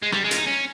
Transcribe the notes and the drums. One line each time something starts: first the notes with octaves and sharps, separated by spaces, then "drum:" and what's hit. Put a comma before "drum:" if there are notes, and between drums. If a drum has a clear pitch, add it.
G#3
G3, drum: rim click
G#3
F4, drum: hi-hat
D#4
C#4